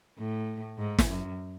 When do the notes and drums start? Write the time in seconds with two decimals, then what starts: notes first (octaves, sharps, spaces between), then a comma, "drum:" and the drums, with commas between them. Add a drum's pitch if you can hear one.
0.19 A2
0.78 G#2
0.98 drum: snare
1.08 F#2